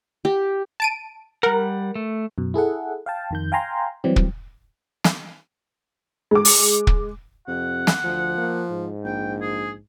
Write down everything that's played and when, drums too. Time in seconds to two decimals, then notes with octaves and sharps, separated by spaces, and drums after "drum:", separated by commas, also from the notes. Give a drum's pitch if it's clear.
0.25 G4
0.80 A5 D7 D#7
1.43 G3 A#4 F#5
1.95 A3
2.38 F#2 B2
2.54 E4 G#4 A4 F#5
3.06 F5 G5 A5
3.30 F2 D#3 G6
3.52 F5 G5 G#5 A#5 C6
4.04 E3 F#3 G3 C4 G4
4.16 drum: kick
5.04 drum: snare
6.31 G#3 D6
6.45 drum: open hi-hat
6.87 drum: kick
7.48 F2 C3 F#5
7.87 drum: snare
8.04 D2 F3
8.38 A#3
8.71 G#2
9.04 A#1 G5
9.41 G#4